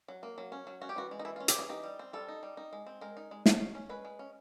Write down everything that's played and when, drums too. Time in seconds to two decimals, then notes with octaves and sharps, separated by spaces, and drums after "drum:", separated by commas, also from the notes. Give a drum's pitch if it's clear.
0.08 F#3
0.23 A#3
0.38 F#3
0.52 C#4
0.67 F#3
0.81 C#4 F#4
0.89 G4
0.96 E3 F#4
1.11 G#3
1.19 D#4
1.25 E3 E4
1.36 F4
1.40 C#4
1.48 G4, drum: hi-hat
1.55 E3 G#4
1.69 D#4 G4
1.84 G3
1.99 C4
2.13 G3 A4
2.28 D#4
2.43 G3
2.57 D#4
2.73 G#3
2.86 C4
3.01 G#3 A#4
3.17 D#4
3.31 G#3
3.46 G#3, drum: snare
3.60 C#4
3.75 C#4
3.89 G#3 B4
4.05 G#3
4.19 C#4